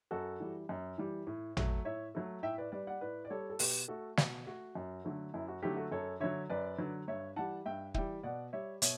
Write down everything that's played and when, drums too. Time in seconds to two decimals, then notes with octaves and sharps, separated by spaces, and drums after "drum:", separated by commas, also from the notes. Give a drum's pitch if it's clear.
0.11 F#2 F#4 A4
0.40 E3 G3
0.69 F#2
0.98 E3 G3
1.27 A2
1.57 F#3 A3, drum: tom A1
1.85 A2 C#5 E5
2.15 F#3 A3
2.43 A2 E5 G5
2.58 B4 D5
2.72 G3 B4 D5
2.87 D5 F#5
3.01 A2 B4 D5
3.25 D5
3.30 G3 A4 C#5
3.50 A4
3.59 B2 G4 B4, drum: open hi-hat
3.88 A3 F#4 A4
4.17 B2 F#4, drum: snare
4.46 A3 F#4
4.75 F#2
5.05 D3 F#3 A3
5.34 F#2 E4
5.48 F#4
5.62 D3 F#3 A3 E4 G4
5.77 F#4 A4
5.92 F#2 A4 C#5
6.20 D3 F#3 C#5 E5
6.50 F#2 B4 D5
6.78 D3 F#3
7.08 G2 C#5 E5
7.36 E3 G3 F#5 A5
7.66 G2 E5 G5
7.94 E3 G3 E5 G5, drum: kick
8.23 B2 D5 F#5
8.53 G3 C#5 E5
8.82 B2 C#5 E5, drum: hi-hat